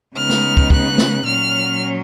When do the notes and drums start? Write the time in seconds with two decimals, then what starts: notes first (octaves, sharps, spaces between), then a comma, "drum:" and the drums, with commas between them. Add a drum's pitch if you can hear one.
0.16 C#3 G#3 B3 D#4 F6
0.30 drum: snare
0.57 drum: kick
0.70 F#6, drum: kick
0.98 drum: snare
1.26 A#2 F#3 C#4 F6